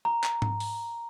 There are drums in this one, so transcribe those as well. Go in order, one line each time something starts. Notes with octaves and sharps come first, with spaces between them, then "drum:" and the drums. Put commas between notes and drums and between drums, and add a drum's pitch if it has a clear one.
A#5
drum: clap
drum: tom G#2
drum: open hi-hat